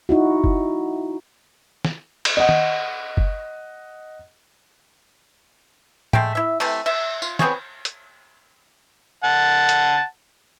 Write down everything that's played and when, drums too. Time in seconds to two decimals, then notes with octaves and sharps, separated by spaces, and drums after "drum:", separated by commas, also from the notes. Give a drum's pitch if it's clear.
0.09 D#4 E4 F#4
0.44 drum: kick F#1
1.85 drum: snare
2.25 drum: cymbal
2.37 D#5 F#5
2.49 drum: tom D#3
3.17 drum: kick F#1
6.13 G#3 A3 G5, drum: tom A2
6.35 E4 E5
6.60 C3 E3 A3, drum: open hi-hat
6.86 E5, drum: cymbal
7.22 F4, drum: tambourine
7.39 B3 C4 G#4 C#5, drum: snare
7.85 drum: hi-hat
9.24 F#5 A5
9.69 drum: hi-hat